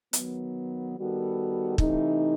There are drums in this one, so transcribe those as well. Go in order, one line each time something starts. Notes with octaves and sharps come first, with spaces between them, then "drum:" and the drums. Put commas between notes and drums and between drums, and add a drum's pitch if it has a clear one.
D#3 F#3 B3, drum: hi-hat
D#3 G3 B3 F#4 A4
C3 E3 A3 D#4, drum: kick